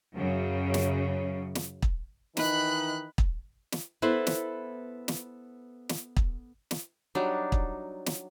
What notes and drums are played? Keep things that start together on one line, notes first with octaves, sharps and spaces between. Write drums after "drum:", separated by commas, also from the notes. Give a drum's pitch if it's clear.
F#2 C#3
drum: snare
drum: snare
drum: kick
D#3 E3 D#4 B5 F#6, drum: snare
drum: kick
drum: snare
B3 E4 A4 B4 C5
drum: snare
drum: snare
drum: snare
drum: kick
drum: snare
F#3 G3 D4 D#4
drum: kick
drum: snare